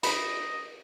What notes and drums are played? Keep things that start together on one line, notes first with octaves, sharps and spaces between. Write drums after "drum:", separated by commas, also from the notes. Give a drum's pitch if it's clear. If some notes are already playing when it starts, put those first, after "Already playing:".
D#5 B5, drum: hi-hat